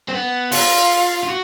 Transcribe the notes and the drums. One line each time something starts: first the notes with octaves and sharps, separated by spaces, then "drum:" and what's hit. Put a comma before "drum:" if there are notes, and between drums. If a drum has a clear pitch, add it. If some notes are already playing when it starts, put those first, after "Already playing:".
C4
B3
F4, drum: open hi-hat
F4
F#4